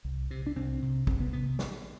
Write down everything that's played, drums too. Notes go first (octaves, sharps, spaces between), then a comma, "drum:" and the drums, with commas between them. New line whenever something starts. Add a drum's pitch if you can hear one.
C2
C3
D4
C2 C4
C3
C2 C4, drum: kick
B3
C3 B3
drum: snare